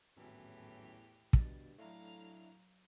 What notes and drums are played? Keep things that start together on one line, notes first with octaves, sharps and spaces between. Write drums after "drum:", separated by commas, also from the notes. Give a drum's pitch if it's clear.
G#1 E2 A2 E3 F#3 C#4 G4
G2 B2 A6, drum: kick
A2 F#3 A3 D4 E4 F5 A#5